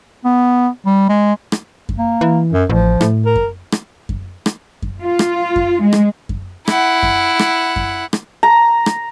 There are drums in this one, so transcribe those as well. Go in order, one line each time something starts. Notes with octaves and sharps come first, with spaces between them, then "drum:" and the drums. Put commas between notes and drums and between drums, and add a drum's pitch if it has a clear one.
B3
G3
G#3
drum: rim click
drum: kick F#2
A#3
E3
F#2
A1 F3
A2, drum: rim click
A#4
drum: kick F#2
drum: rim click
drum: kick F#2
drum: rim click
drum: kick F#2
F4
drum: rim click
drum: kick F#2
G#3
drum: rim click
drum: kick F#2
E4 F#5, drum: rim click
drum: kick F#2
drum: rim click
drum: kick F#2
drum: rim click
A#5
drum: rim click